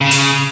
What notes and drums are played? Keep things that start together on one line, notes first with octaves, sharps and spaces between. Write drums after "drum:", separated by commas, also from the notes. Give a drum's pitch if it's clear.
C#3
drum: hi-hat